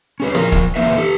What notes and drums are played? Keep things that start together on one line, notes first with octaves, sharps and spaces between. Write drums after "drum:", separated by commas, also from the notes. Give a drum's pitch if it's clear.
C#4 G#4 B4
F3 A#4, drum: snare
drum: kick, hi-hat
E3 A#3 D#4 E4 B4 E5
G4 A4